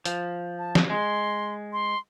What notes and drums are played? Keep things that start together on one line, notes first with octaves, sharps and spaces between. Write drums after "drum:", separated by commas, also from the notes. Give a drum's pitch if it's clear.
F3, drum: hi-hat
A5
drum: snare
G#3 C6
C6